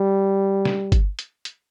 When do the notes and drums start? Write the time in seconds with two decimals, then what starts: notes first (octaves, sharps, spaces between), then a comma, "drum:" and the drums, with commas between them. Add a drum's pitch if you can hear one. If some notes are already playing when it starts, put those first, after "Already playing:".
Already playing: G3
0.65 drum: snare
0.92 drum: kick G1, hi-hat
1.19 drum: hi-hat
1.45 drum: hi-hat